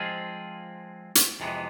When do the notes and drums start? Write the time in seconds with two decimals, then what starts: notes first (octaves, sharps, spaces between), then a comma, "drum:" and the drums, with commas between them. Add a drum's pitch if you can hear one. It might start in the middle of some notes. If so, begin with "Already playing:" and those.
Already playing: F3 G#3 C4 F4 G#4
1.15 drum: hi-hat
1.40 F2 C3 E3 G#3 B3